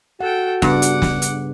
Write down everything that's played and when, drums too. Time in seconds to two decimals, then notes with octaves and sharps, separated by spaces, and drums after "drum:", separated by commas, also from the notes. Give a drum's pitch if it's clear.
0.21 F#4 A4 F#5 G5
0.62 G2 C#3 B3 F#5 D6, drum: snare
0.82 drum: hi-hat
1.02 drum: snare
1.22 drum: hi-hat